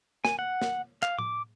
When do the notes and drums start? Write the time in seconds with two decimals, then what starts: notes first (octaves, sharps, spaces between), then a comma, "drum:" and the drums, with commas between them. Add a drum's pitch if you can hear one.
0.25 G#5, drum: snare
0.39 F#5
0.62 drum: snare
1.03 F5, drum: clap
1.19 D6, drum: tom A2